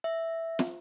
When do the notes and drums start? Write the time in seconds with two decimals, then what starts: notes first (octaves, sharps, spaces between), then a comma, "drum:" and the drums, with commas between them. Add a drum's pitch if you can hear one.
0.04 E5
0.59 drum: snare